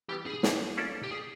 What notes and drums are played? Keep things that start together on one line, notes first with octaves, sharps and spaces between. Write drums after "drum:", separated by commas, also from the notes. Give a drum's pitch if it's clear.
E3 G3 B3 G4
G#4
drum: snare
A#3 C#4 F4 A4 D5
G4
G#4